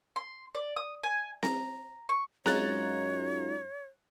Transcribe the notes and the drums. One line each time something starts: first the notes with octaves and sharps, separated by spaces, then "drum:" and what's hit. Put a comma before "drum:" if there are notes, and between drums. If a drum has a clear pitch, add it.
C6
D5
D#6
G#5
A#5, drum: snare C4
C#6
F#2 G#3 D#4 F4 C#5 A#5 F#6 A6, drum: snare C4